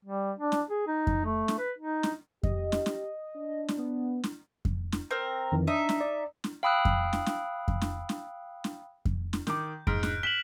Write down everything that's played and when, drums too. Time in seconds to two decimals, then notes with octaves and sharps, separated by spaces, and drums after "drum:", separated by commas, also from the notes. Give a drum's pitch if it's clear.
0.05 G3
0.39 D4
0.52 drum: snare
0.70 G#4
0.87 D#4
1.07 drum: kick F2
1.25 A3
1.48 drum: snare
1.58 B4
1.78 D#4
2.03 drum: snare
2.43 G4 D#5, drum: kick F2
2.72 drum: snare
2.86 drum: snare
3.36 D4
3.68 drum: snare
3.78 B3
4.24 drum: snare
4.65 drum: kick F2
4.92 drum: snare
5.11 C4 A#4
5.52 F2 D#3 E3
5.67 D4 D#4 E5
5.89 drum: snare
6.01 D5
6.44 drum: snare
6.63 F5 G5 B5 D#6 E6 F#6
6.85 drum: kick F2
7.13 drum: snare
7.26 drum: snare
7.68 drum: kick F2
7.82 drum: snare
8.09 drum: snare
8.64 drum: snare
9.05 drum: kick F2
9.33 drum: snare
9.47 D#3 D6 G6, drum: snare
9.87 G#2 F6 D7, drum: kick F2
10.03 F#6, drum: snare
10.23 B6 E7 F#7 G7